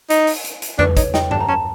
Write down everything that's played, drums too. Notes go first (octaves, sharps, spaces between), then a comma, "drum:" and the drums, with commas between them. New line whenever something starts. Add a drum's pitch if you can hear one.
D#4, drum: hi-hat
drum: open hi-hat
drum: hi-hat
drum: hi-hat
D4 B4, drum: tom E2
D#4 C#5, drum: kick, hi-hat
D#4 G5, drum: snare
D4 A5, drum: tom G2
A#5
C#4 A5